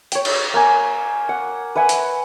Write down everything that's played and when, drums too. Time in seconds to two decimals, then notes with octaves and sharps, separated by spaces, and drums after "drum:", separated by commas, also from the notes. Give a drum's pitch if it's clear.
0.12 C#5 G5, drum: hi-hat
0.25 drum: cymbal
0.54 A#3 G#5
1.29 F#5
1.75 B4 E5 F#5 G#5
1.89 drum: hi-hat